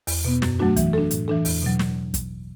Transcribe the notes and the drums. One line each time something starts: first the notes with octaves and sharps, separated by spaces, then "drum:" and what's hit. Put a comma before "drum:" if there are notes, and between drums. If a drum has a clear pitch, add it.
E2, drum: open hi-hat
B2 B3
F#2, drum: snare
F#3 A3 D4 F#4
E3, drum: kick, hi-hat
D4 A4
A2, drum: hi-hat
E3 D4 A4
E2, drum: open hi-hat
B2 F#3
drum: snare
drum: kick, hi-hat